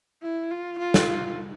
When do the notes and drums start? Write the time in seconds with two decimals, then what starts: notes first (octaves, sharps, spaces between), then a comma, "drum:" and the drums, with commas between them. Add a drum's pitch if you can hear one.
0.22 E4
0.51 F4
0.79 F4
0.94 drum: snare